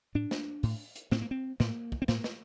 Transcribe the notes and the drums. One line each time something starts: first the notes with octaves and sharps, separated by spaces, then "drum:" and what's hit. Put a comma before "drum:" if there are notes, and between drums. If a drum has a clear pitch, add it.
A2 D4
drum: snare
A2, drum: open hi-hat
drum: hi-hat
A2 C4, drum: snare
A#3
C4
A2 A#3, drum: snare
drum: kick
C4
A2 A#3, drum: snare
drum: snare